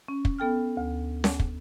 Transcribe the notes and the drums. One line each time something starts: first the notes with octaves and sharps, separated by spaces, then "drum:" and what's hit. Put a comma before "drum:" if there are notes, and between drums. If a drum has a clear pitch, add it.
C#4
drum: kick
B3 A4 G5 F6
D2
drum: snare C#4
drum: kick